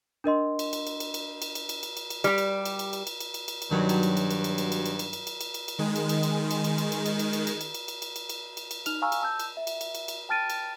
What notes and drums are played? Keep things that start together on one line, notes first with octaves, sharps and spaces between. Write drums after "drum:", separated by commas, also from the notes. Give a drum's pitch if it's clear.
D4 A#4 D#5 C6
drum: cymbal
drum: cymbal
drum: cymbal
drum: cymbal
drum: cymbal
drum: cymbal
drum: cymbal
drum: cymbal
drum: cymbal
drum: cymbal
drum: cymbal
G3 G4, drum: cymbal
drum: cymbal
drum: cymbal
drum: cymbal
drum: cymbal
drum: cymbal
drum: cymbal
drum: cymbal
drum: cymbal
drum: cymbal
G2 D#3 F#3
drum: cymbal
drum: cymbal
drum: cymbal
drum: cymbal
drum: cymbal
drum: cymbal
drum: cymbal
drum: cymbal
drum: cymbal
drum: cymbal
drum: cymbal
drum: cymbal
drum: cymbal
drum: cymbal
D#3 G#3
drum: cymbal
drum: cymbal
drum: cymbal
drum: cymbal
drum: cymbal
drum: cymbal
drum: cymbal
drum: cymbal
drum: cymbal
drum: cymbal
drum: cymbal
drum: cymbal
drum: cymbal
drum: cymbal
drum: cymbal
drum: cymbal
drum: cymbal
drum: cymbal
drum: cymbal
D#4 F6 F7, drum: cymbal
F5 G#5 A#5 C#6 E6 F6
drum: cymbal
A5 E6 G6
drum: cymbal
E5
drum: cymbal
drum: cymbal
drum: cymbal
drum: cymbal
G5 A5 F6 A6 D7 D#7
drum: cymbal